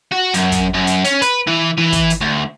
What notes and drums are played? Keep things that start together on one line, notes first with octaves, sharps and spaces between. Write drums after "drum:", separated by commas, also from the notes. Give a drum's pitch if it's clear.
F#4
F#2, drum: hi-hat
drum: kick, hi-hat
F#2
drum: hi-hat
C#4, drum: hi-hat
B4, drum: hi-hat
E3
E3
drum: kick, hi-hat
drum: hi-hat
D2